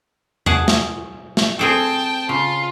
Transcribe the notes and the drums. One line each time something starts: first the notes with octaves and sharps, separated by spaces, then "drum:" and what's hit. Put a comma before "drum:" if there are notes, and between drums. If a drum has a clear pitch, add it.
G#4 F#5 A5, drum: tom E2
drum: snare
drum: snare
C4 G#4 A4 G5 A5
C#3 F4